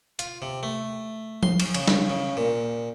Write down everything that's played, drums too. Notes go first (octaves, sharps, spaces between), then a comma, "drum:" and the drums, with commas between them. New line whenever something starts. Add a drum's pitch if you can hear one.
F4, drum: hi-hat
C3
A3
C6, drum: tom F3
drum: cymbal
C#3, drum: cymbal
drum: snare
C#3
A#2